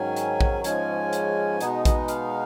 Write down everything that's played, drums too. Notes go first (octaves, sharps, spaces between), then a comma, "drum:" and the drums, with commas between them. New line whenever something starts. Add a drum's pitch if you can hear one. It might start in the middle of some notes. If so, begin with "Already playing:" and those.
Already playing: G#2 D#3 F#3 C#4 G#5
drum: hi-hat
drum: kick A#1
G#2 F3 G#3 C#4 G#5, drum: hi-hat
drum: hi-hat
B2 G#3 B3 D#4 D#5, drum: hi-hat
D#5, drum: kick A#1, hi-hat
F5, drum: hi-hat